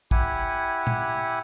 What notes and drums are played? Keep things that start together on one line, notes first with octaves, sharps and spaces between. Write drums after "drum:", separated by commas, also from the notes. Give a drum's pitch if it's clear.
E4 G4 F#5 G#5, drum: kick
drum: tom